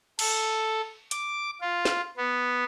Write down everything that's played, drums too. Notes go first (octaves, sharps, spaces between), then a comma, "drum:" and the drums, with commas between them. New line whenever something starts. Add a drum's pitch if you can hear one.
A4, drum: cymbal
D6, drum: hi-hat
F4
drum: snare
B3